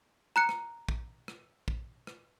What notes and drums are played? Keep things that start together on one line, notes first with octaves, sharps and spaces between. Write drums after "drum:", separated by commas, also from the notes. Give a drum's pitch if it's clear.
A#5 F#6 C#7
drum: rim click
drum: kick
drum: rim click
drum: kick
drum: rim click